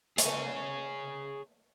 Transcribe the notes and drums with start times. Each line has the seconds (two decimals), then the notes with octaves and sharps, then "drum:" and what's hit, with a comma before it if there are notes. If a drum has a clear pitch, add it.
0.18 G#4 C#5, drum: hi-hat